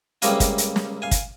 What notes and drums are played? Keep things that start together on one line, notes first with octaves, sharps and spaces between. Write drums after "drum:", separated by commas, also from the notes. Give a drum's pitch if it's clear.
C#2 C3 G3 A#3 F5 G#5, drum: hi-hat
drum: kick, hi-hat
drum: hi-hat
drum: snare
F5 G#5
drum: kick, hi-hat